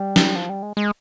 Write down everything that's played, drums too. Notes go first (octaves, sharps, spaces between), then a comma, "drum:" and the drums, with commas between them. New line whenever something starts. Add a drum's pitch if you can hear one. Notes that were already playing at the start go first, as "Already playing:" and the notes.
Already playing: G3
drum: snare
F3
G3
G#3
G#3